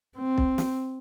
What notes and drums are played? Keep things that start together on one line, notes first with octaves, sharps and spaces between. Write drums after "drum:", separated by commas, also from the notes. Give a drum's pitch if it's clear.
C4
drum: kick B1
drum: snare